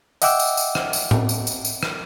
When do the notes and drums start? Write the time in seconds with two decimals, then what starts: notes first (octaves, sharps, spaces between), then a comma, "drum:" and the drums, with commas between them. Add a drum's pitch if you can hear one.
0.22 D#5 E5 F#5 G5 D6 E6, drum: tambourine
0.39 drum: tambourine
0.57 drum: tambourine
0.75 drum: rim click
0.93 drum: tambourine
1.11 drum: tom A2
1.29 drum: tambourine
1.47 drum: tambourine
1.65 drum: tambourine
1.83 drum: rim click